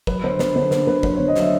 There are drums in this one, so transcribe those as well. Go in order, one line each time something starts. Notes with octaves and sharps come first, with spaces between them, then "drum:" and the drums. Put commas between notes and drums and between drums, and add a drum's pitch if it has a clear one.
F#3 B4, drum: kick
D3 C5
D3 B4, drum: snare
D3 C5
A#3 B4, drum: snare
D3 B4
F#3 C5, drum: kick
C#5
D3
D#5
F#3 E5, drum: snare